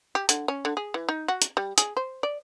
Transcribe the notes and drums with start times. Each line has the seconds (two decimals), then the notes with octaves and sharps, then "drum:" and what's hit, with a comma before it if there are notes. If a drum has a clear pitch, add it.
0.15 G4
0.29 D3, drum: hi-hat
0.48 C#4
0.65 D3
0.77 G#4
0.94 E3
1.09 D#4
1.28 F#4
1.42 drum: hi-hat
1.57 G3
1.78 G#4, drum: hi-hat
1.97 C5
2.23 D5